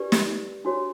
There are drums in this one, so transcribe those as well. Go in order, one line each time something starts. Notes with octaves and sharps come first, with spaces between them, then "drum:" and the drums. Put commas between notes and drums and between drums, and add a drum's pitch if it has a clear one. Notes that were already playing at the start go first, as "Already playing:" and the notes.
Already playing: D4 G4 B4 D5
drum: snare
D4 F#4 C#5